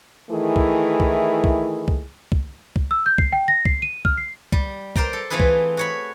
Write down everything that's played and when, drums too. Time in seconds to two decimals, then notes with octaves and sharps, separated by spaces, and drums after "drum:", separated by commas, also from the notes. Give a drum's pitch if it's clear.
0.30 D#3 E3 A3 E4 G#4
0.56 drum: kick
1.00 drum: kick
1.44 drum: kick
1.88 drum: kick
2.32 drum: kick
2.76 drum: kick
2.91 E6
3.06 G6
3.18 C7, drum: kick
3.33 G5
3.48 A#6
3.65 C7, drum: kick
3.82 D#7
4.05 F6, drum: kick
4.17 C7
4.52 G3, drum: kick
4.96 A#4 C5 D5 G5 A#5, drum: kick
5.13 A4
5.30 E3 A3 C4 F4 G#4 B4
5.40 drum: kick
5.77 F#4 C#5 B5